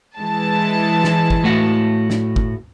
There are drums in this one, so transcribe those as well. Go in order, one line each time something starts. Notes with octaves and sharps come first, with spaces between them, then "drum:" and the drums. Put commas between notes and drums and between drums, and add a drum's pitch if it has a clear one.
E3 G#3 A5
drum: snare
drum: kick
A2 A3 F#4
drum: snare
drum: kick